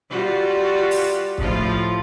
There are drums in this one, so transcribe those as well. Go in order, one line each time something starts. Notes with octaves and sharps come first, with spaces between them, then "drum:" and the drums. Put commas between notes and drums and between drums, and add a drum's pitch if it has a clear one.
G3 F4 F#4
drum: open hi-hat
A2 F3 F4, drum: kick